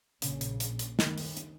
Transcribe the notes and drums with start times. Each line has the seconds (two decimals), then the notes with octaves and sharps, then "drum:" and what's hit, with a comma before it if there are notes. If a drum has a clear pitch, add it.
0.22 A#1 A#2 C#3, drum: hi-hat
0.41 drum: hi-hat
0.60 drum: hi-hat
0.79 drum: hi-hat
0.99 D#3, drum: snare
1.18 drum: open hi-hat
1.37 drum: hi-hat